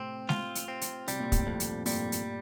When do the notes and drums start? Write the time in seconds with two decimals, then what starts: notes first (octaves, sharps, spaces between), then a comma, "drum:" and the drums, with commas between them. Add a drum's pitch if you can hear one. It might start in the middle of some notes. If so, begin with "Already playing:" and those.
Already playing: A2 C3 C4
0.29 F4, drum: snare G#3
0.55 drum: hi-hat
0.68 C4
0.81 drum: hi-hat
1.08 C3 G3, drum: hi-hat
1.20 A#2
1.32 A2 C3, drum: kick, hi-hat
1.47 F2
1.60 drum: hi-hat
1.86 G2 A#2 G3, drum: open hi-hat
2.12 drum: hi-hat